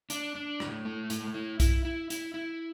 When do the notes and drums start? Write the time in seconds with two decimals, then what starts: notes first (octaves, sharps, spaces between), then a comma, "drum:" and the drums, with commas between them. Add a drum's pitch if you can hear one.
0.10 D4, drum: hi-hat
0.35 D4
0.60 A2, drum: rim click
0.85 A3
1.10 A2, drum: hi-hat
1.34 E4
1.60 E4, drum: kick B1, hi-hat
1.85 E4
2.10 E4, drum: hi-hat
2.34 E4